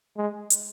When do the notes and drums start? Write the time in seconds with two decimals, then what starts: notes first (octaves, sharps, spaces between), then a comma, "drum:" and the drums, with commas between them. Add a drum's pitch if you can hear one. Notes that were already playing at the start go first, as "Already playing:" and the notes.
0.17 G#3
0.50 drum: hi-hat